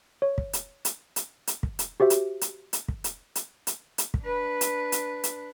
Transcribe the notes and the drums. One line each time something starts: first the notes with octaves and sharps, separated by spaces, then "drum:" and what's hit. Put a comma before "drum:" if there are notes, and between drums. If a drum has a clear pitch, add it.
C#5
drum: kick
drum: hi-hat
drum: hi-hat
drum: hi-hat
drum: hi-hat
drum: kick
drum: hi-hat
F#4 G4 C5 E5
drum: hi-hat
drum: hi-hat
drum: hi-hat
drum: kick
drum: hi-hat
drum: hi-hat
drum: hi-hat
drum: hi-hat
drum: kick
D4 B4
drum: hi-hat
drum: hi-hat
drum: hi-hat